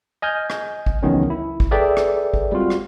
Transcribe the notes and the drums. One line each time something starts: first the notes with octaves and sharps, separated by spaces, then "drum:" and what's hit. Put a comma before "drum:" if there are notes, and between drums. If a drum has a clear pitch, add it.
D#5 G#5 F6 G6
drum: rim click
drum: kick
C#2 D#3 E3 F#3 B3 C#4
E4
drum: kick
G#4 A4 B4 D5 E5 G5
drum: rim click
drum: kick
G3 G#3 C4 F4 F#4
drum: rim click